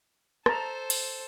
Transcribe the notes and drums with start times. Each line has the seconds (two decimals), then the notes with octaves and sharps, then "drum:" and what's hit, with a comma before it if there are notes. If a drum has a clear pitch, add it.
0.46 A4 C5 A5 A#5, drum: rim click
0.90 drum: cymbal